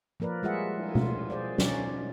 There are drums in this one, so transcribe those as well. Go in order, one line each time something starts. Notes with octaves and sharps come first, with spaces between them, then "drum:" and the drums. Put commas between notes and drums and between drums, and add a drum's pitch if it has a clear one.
F3 A#3 A#4 B4 D5
G3 G#3 F4 G#4 E5 F#5
drum: cymbal
F4, drum: tom B2
G#4 C5 D5
B2 C#4 D#4 D5, drum: snare